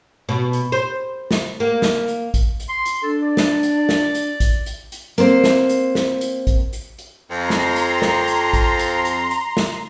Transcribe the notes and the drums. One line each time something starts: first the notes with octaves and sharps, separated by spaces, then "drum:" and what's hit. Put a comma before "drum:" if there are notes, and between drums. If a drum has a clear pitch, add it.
B2
drum: hi-hat
C5
drum: snare
A#3
drum: snare
drum: hi-hat
drum: kick A1, hi-hat
drum: hi-hat
C6
drum: hi-hat
D4 A4
D5
drum: snare
drum: hi-hat
drum: snare
drum: hi-hat
drum: kick A1, hi-hat
drum: hi-hat
drum: hi-hat
A#3 C4 C5, drum: hi-hat
drum: snare
drum: hi-hat
drum: snare
drum: hi-hat
drum: kick A1, hi-hat
drum: hi-hat
drum: hi-hat
F2 A#5 C6
drum: snare
drum: hi-hat
drum: snare
drum: hi-hat
drum: kick A1, hi-hat
drum: hi-hat
drum: hi-hat
drum: hi-hat
drum: snare